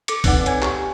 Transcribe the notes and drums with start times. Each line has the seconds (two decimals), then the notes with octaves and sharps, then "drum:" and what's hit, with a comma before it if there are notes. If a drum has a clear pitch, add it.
0.08 A4 D6 C#7, drum: hi-hat
0.24 C4 D#4 B4 D5 F#5, drum: kick B1, open hi-hat
0.46 C#5 G#5 G#6, drum: hi-hat
0.62 G4 C#5 C#6, drum: clap